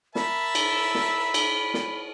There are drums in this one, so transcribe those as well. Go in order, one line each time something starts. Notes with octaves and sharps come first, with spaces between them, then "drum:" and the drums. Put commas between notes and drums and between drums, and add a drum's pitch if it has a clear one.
A#4 E5 A5 B5, drum: snare
drum: cymbal
drum: snare
drum: cymbal
drum: snare